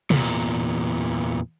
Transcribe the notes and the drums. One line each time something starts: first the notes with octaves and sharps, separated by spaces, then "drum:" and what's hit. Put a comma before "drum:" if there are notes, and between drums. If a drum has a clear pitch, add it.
E2 A#2, drum: tom
drum: open hi-hat